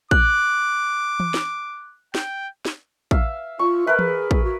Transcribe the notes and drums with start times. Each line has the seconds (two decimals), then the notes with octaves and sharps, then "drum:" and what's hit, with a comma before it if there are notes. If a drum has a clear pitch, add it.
0.11 D6 F#6, drum: kick
1.20 drum: tom E3
1.34 drum: snare
2.15 G5, drum: snare
2.65 drum: snare
3.11 E5 F5, drum: kick
3.59 F4 C#6
3.87 A#4 B4 E5
3.99 G#4, drum: tom E3
4.31 drum: kick
4.44 F#4